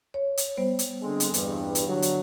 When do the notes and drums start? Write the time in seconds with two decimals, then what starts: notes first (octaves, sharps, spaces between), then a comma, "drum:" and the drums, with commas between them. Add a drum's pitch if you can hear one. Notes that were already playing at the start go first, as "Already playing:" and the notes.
0.14 C#5
0.37 drum: hi-hat
0.57 G3 B3 C5
0.79 drum: hi-hat
1.02 D3 G#3 C4
1.20 drum: hi-hat
1.34 E2 G2, drum: hi-hat
1.75 drum: hi-hat
1.87 D3 F#3
2.02 drum: hi-hat